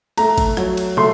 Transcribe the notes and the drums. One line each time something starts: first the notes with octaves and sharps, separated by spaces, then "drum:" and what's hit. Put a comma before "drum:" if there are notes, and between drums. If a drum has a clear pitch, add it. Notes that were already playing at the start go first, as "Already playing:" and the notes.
A3 A#5, drum: cymbal
drum: kick, cymbal
F#3, drum: rim click
drum: cymbal
A3 C6, drum: tom